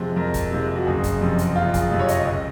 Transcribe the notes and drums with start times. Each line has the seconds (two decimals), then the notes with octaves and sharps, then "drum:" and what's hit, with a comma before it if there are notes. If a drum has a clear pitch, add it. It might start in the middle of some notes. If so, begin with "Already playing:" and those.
Already playing: F2 C3 F3 G#3
0.16 F2 A#4
0.34 drum: kick F#1, hi-hat
0.51 C3 F3 G#3
0.76 F#4
0.86 F#1 G#4
1.04 drum: kick F#1, hi-hat
1.21 F2 C3 F3
1.38 drum: hi-hat
1.55 F#1 F4
1.74 G#4, drum: kick F#1, hi-hat
1.91 F2 C3 F3
1.99 C#5
2.08 D#5, drum: hi-hat
2.25 C#2